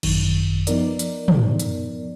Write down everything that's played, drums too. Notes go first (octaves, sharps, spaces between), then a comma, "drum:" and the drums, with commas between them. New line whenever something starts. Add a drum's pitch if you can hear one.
G#1 F#2 D#3, drum: cymbal
F3 B3 D#4 A#4 D5, drum: hi-hat
drum: hi-hat
drum: tom
drum: hi-hat